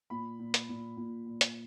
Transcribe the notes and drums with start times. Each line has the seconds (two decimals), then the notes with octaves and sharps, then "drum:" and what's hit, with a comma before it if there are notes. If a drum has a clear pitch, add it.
0.10 A#2 B5
0.39 A#2
0.54 drum: hi-hat
0.69 A#2
0.97 A#2
1.26 A#2
1.41 drum: hi-hat